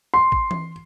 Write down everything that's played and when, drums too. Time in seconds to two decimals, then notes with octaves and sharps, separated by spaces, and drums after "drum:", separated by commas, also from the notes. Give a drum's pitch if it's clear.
0.14 C6
0.32 drum: kick
0.51 drum: tom E3